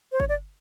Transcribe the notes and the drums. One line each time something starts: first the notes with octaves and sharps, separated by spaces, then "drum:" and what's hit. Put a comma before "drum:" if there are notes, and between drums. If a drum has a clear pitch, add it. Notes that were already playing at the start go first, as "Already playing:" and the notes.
C5
C#5, drum: kick G1
D5